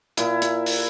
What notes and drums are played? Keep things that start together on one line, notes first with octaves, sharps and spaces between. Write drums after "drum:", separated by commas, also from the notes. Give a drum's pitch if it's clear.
A#2 E4, drum: hi-hat
drum: hi-hat
drum: open hi-hat